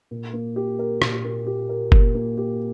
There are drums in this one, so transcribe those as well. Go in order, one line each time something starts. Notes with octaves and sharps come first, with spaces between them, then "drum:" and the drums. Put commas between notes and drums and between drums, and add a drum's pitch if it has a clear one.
A#2
A#3
G4
A#4
A#2, drum: rim click
A#3
G4
A#4
A#2, drum: kick F#1
A#3
G4